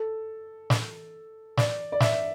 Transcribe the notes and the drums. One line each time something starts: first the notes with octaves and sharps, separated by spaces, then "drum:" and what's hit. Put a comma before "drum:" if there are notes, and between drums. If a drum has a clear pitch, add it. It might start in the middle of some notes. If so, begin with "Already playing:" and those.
Already playing: A4
drum: snare
D5, drum: snare
D5
E5, drum: snare